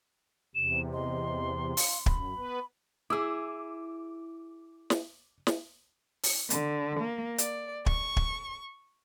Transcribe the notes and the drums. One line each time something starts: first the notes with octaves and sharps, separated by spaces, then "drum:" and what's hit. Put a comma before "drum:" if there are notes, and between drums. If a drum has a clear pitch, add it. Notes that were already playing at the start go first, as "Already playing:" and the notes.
E2 C3 E7
D#5 C6
F5, drum: open hi-hat
F#2 B5, drum: kick
B3 B4
E4 G#4 D6 E6
drum: snare
drum: snare
drum: open hi-hat
D3, drum: hi-hat
A#3
D5, drum: hi-hat
C#6, drum: kick
drum: kick